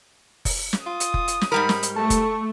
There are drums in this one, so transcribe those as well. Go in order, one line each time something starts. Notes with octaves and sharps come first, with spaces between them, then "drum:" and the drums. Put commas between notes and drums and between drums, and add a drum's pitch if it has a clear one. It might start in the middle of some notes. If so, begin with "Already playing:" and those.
drum: kick F1, open hi-hat
drum: snare
F4 D#6
drum: hi-hat
drum: kick F1
drum: hi-hat
drum: snare
G#2 G3 A#4 B5
drum: snare
drum: hi-hat
A3 A5 C#6
drum: kick F1, hi-hat